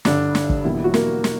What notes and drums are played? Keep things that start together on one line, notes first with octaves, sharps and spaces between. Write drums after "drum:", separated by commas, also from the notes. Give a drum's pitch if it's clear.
G1 G2 D3 D4, drum: snare
drum: snare
drum: kick
E2 B2 G3 A#3 E4
E4
F#3 F#4
A#3 A#4, drum: snare
drum: snare